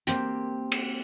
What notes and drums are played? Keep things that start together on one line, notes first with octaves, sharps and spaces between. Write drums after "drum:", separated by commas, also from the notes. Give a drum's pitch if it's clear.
A#3 C4 G4, drum: hi-hat
drum: cymbal